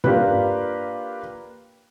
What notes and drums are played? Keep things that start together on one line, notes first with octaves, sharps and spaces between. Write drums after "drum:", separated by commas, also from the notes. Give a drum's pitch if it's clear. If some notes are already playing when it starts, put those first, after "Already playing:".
A#3 D4 F4 G4 B4, drum: tom